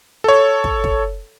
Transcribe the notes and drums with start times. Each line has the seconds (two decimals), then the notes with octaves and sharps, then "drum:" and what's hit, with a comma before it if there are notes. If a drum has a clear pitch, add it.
0.24 A4 C#5
0.64 drum: kick
0.84 drum: kick